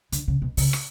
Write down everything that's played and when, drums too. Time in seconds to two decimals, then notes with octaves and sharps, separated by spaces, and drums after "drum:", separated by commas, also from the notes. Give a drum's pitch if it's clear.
0.12 D3, drum: hi-hat
0.28 C#3
0.42 B2
0.57 C#3, drum: open hi-hat
0.73 drum: rim click